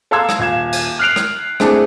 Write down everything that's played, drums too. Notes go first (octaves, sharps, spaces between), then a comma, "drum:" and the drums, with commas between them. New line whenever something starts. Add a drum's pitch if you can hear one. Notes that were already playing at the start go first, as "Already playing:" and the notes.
A4 F5 A#5 C6 E6 G#6
drum: rim click
D#1 F5 G#6 E7
drum: cymbal
F6 F#6 C7 D7 F7
drum: rim click
A3 C4 D4 E4 G#4 A4, drum: rim click